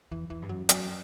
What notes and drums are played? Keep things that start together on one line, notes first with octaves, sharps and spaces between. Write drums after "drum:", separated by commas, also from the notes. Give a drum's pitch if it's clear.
E2 E3
E2 E3
G2
F#2 F#3
F#2 F#3, drum: hi-hat